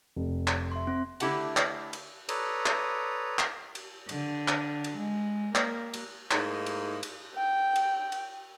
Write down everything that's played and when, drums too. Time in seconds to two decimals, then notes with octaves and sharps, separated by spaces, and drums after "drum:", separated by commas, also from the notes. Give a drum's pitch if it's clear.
0.16 F1
0.47 drum: clap
0.72 E5 C6
0.87 C4
1.20 D3 A3 E4 G4 F#5 A5, drum: cymbal
1.57 drum: clap
1.93 drum: cymbal
2.29 A4 B4 C#5 D5 A#5 D#6, drum: cymbal
2.66 drum: clap
3.39 drum: clap
3.75 drum: cymbal
4.09 D3, drum: cymbal
4.48 drum: clap
4.84 drum: cymbal
4.98 G#3
5.55 A#3, drum: clap
5.94 drum: cymbal
6.31 G#2 A3 A#3 D#4 E4, drum: clap
6.66 drum: cymbal
7.03 drum: cymbal
7.35 G5
7.76 drum: cymbal
8.12 drum: cymbal